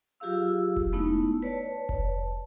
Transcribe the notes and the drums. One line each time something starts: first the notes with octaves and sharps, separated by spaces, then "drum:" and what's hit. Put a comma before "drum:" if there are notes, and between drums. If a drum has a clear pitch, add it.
F#3 F4 G4 G#4 F5 E6
drum: kick F1
G#3 A3 B3 C#4 D#4 E4
B4 C#5 D5 A5
drum: kick F1